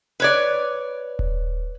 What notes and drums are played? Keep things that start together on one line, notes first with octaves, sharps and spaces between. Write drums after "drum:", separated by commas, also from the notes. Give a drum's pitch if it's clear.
B4 C#5 D5
drum: kick D#1